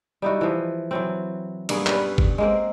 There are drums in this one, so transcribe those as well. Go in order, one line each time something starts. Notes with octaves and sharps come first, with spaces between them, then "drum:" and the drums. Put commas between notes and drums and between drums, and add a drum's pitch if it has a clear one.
G3 D#4 E4 F#4
E3 F3
E3 F#3 C4
G2 A#3 B3 G#4, drum: cymbal
G3 C#4 B4, drum: clap
drum: kick G1
G#3 A#3 C4